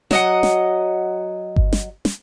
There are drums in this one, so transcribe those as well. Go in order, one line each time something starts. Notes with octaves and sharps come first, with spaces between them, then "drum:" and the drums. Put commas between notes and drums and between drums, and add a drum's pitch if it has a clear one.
F#3 D#5 F#5, drum: snare
drum: snare
drum: kick G1
drum: snare
drum: snare